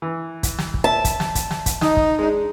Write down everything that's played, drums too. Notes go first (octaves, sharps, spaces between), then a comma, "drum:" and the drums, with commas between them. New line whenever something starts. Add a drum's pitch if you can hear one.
E3
drum: kick, hi-hat
drum: snare
drum: kick
D5 E5 A5
drum: kick, hi-hat
drum: snare
drum: kick, hi-hat
drum: snare
drum: kick, hi-hat
D#4 D#5 D#6, drum: snare
drum: kick
G#3 D4